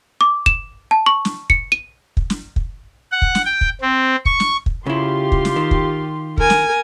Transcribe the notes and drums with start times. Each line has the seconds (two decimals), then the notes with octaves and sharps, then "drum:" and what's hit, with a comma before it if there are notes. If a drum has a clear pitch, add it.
0.21 D6
0.46 E7, drum: kick
0.91 A5
1.06 C#6
1.25 drum: snare
1.50 C#7, drum: kick
1.72 D#7
2.17 drum: kick
2.30 drum: snare
2.56 drum: kick
3.12 F#5
3.22 drum: kick
3.35 drum: snare
3.45 G5
3.61 drum: kick
3.81 C4
4.25 C#6, drum: kick
4.40 drum: snare
4.66 drum: kick
4.86 C#3 E4 F4 G4 C6
5.32 drum: kick
5.45 drum: snare
5.56 D#3
5.71 drum: kick
6.38 A#4 G#5, drum: kick
6.50 drum: snare